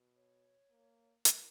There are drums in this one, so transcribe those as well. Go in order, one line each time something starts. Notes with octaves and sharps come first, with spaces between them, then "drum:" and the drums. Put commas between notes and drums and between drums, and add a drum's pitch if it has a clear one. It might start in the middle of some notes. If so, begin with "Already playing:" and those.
Already playing: B2
C#5
A#3
A#4, drum: hi-hat